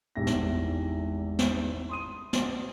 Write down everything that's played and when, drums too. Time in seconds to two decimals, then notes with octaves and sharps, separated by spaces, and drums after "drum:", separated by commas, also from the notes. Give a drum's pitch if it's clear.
0.16 G#1 E2 G3 D4 E5 A#6
0.27 drum: snare
1.39 drum: snare
1.89 C6 D#6 D#7
2.33 drum: snare